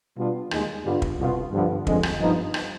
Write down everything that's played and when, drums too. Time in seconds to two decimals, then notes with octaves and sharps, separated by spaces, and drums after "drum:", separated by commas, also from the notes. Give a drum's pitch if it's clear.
0.17 B2 G3 B3 D4 F4
0.51 D#2 D#3 G#3, drum: rim click
0.85 G2 D3 G3 B3 F4
1.02 drum: kick
1.19 C2 B2 B3 F4
1.52 G2 D3 F3 B3
1.87 F2 D3 G#3, drum: kick
2.03 drum: rim click
2.20 G2 F3 B3 D#4
2.54 drum: rim click